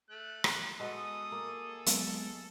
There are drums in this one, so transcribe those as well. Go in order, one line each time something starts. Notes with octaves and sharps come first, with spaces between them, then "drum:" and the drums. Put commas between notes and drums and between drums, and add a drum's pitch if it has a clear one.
A3 F#6
drum: rim click
G#3 B3 F#4 G#4 A4 D#6
A#3
F#3 G#3 B3, drum: hi-hat